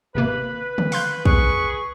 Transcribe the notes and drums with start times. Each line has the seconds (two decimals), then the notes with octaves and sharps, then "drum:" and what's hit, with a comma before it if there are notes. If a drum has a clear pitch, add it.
0.15 G#1 C3 A#3 B4
0.78 drum: tom
0.92 F5 C6 G6, drum: open hi-hat
1.25 G#4 C#6, drum: kick